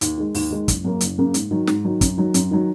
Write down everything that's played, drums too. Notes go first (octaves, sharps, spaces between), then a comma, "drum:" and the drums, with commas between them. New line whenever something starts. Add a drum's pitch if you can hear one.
D#2, drum: hi-hat
D#3 G#3
D#2, drum: open hi-hat
D#3 G#3
F#1, drum: kick, hi-hat
F#2 C#3 A#3
F#1, drum: hi-hat
F#2 C#3 A#3
G#2, drum: hi-hat
D#3 F#3
G#2, drum: snare
D#3 F#3
F#2, drum: kick, hi-hat
D#3 F#3
F#2, drum: hi-hat
D#3 F#3